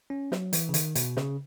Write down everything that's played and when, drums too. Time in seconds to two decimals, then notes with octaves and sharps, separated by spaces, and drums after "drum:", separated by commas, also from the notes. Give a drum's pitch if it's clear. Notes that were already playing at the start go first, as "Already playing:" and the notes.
0.10 C#4
0.32 F#3, drum: snare
0.53 E3, drum: hi-hat
0.69 C#3
0.74 D#3, drum: hi-hat
0.95 B2, drum: hi-hat
1.17 C#3, drum: snare